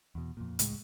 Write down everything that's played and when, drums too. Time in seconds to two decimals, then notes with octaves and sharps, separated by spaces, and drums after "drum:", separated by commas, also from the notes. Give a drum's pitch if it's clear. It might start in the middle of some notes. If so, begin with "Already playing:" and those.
0.15 E2 B2
0.37 F2 A#2
0.59 C#2 A2 G#3, drum: hi-hat